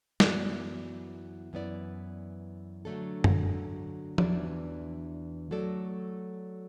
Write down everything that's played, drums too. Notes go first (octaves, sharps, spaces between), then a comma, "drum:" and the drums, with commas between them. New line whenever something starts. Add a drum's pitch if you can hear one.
F#2 E3 B3 F#4 D5, drum: snare
F#2 E3 B3 E4 D5
D3 F#3 A3 D4 A4
drum: tom
E2 E3 D4 F#4 D5, drum: tom F3
F#3 A3 F#4 A4 D5